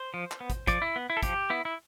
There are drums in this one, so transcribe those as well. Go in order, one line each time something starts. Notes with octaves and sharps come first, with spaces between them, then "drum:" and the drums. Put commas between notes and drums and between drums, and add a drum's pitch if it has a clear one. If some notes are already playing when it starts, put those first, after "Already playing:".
Already playing: C5
F3
drum: clap
B3
drum: kick, hi-hat
F3 D5, drum: kick, hi-hat
E4
B3
E4
A4
F3 G4, drum: kick, hi-hat
B3 E4
E4